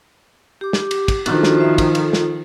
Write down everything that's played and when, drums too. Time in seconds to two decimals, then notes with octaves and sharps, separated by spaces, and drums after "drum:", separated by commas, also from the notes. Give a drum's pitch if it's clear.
0.61 G4 D6
0.73 drum: snare
0.91 drum: cymbal
1.08 drum: kick, cymbal
1.26 D#3 F3 D4 F#4 A4, drum: cymbal
1.43 drum: snare
1.56 F#4 C5 E5
1.78 drum: kick, cymbal
1.95 F4 A4, drum: cymbal
2.13 drum: snare